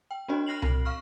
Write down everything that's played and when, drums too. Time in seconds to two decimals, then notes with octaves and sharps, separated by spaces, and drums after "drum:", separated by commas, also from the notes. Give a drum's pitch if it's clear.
0.11 G5
0.28 C4 D4 F#4 C#5 D#5
0.46 F6 F#6 A#6 C7 F7 F#7
0.62 C4, drum: tom C2
0.85 F5 C#6 F6